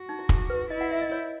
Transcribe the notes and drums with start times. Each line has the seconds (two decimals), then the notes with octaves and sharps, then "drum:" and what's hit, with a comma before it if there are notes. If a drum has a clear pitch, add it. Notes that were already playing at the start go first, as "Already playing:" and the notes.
Already playing: F#4
0.09 D#4
0.19 E4
0.29 G#4, drum: kick
0.50 B4
0.70 E4 D#5
0.81 F#5
0.91 E5
1.02 D#5
1.12 C#5